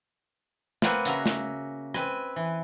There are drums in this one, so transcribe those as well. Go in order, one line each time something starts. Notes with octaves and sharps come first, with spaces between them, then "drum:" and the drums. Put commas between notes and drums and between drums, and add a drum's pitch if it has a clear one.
A#3 C4 B4 F#5 G#5, drum: snare
C#3 F#4 E5 A#5, drum: hi-hat
drum: snare
C4 B4 G#5, drum: rim click
E3